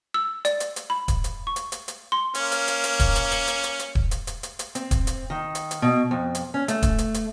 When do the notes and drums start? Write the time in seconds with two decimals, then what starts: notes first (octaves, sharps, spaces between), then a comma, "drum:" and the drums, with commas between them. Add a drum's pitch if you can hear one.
0.14 E6
0.45 D5, drum: hi-hat
0.60 drum: hi-hat
0.76 drum: hi-hat
0.90 B5
1.08 drum: kick D#1, hi-hat
1.24 drum: hi-hat
1.47 C#6
1.56 drum: hi-hat
1.72 drum: hi-hat
1.88 drum: hi-hat
2.12 C6
2.34 A#3 C#4, drum: hi-hat
2.52 drum: hi-hat
2.68 drum: hi-hat
2.84 drum: hi-hat
3.00 drum: kick D#1, hi-hat
3.15 drum: hi-hat
3.31 drum: hi-hat
3.47 drum: hi-hat
3.63 drum: hi-hat
3.79 drum: hi-hat
3.95 drum: kick D#1
4.11 drum: hi-hat
4.27 drum: hi-hat
4.43 drum: hi-hat
4.59 drum: hi-hat
4.75 C4, drum: hi-hat
4.91 drum: kick D#1, hi-hat
5.07 drum: hi-hat
5.30 D#3
5.55 drum: hi-hat
5.71 drum: hi-hat
5.82 B2
6.11 F2
6.35 drum: hi-hat
6.54 C#4
6.68 A3, drum: hi-hat
6.82 drum: kick D#1, hi-hat
6.98 drum: hi-hat
7.14 drum: hi-hat